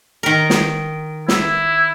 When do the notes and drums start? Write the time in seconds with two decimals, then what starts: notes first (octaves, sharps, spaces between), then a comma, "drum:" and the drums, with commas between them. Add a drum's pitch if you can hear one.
0.23 D#3 A#4
0.50 drum: snare
1.28 E4, drum: snare